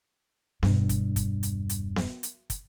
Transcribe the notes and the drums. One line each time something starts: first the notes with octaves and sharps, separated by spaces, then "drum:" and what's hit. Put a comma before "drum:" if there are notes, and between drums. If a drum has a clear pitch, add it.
E1 G2, drum: snare B3
drum: kick, hi-hat
drum: kick, hi-hat
drum: hi-hat
drum: hi-hat
drum: snare B3
drum: hi-hat
drum: kick, hi-hat